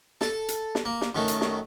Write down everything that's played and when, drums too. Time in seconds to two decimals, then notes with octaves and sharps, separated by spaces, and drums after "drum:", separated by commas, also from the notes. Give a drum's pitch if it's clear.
0.21 A4 A5, drum: snare
0.48 drum: hi-hat
0.75 drum: snare
0.85 A#3
1.01 drum: snare
1.15 F#2 D#3 F#3 A3
1.28 drum: hi-hat
1.41 drum: snare